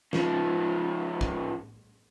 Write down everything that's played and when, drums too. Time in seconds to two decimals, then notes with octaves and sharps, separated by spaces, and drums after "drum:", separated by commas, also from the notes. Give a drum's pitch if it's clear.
0.13 C#3 F3, drum: snare
1.21 drum: kick